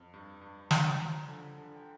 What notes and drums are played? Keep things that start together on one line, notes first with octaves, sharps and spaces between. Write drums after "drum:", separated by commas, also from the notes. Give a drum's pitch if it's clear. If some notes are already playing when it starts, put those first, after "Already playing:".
Already playing: F2
G2
G2
G3, drum: snare
F3 G#5 A#5
D3
D3
G5